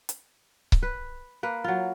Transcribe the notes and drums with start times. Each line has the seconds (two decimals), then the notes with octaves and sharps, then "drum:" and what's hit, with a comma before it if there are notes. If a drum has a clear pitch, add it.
0.09 drum: hi-hat
0.72 drum: kick C#1
0.83 B4
1.43 A#3 B4
1.64 F#3 F4